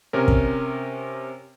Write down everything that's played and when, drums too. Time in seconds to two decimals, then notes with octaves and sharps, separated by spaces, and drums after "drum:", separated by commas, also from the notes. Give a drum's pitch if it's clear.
0.13 C3 C#4 A#4
0.28 drum: kick